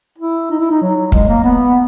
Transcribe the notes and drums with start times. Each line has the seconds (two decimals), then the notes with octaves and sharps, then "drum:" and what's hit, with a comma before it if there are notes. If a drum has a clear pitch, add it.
0.18 E4
0.51 D#4
0.60 E4
0.71 D#4
0.82 F#3
1.12 G#3, drum: kick
1.28 A#3
1.44 B3